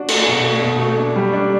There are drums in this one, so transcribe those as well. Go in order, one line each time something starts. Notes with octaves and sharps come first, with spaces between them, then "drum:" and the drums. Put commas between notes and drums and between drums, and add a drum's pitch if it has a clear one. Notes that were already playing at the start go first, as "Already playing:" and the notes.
Already playing: D4 F#4
A3, drum: cymbal
B2
A3
B2
A3
D4
G3
D4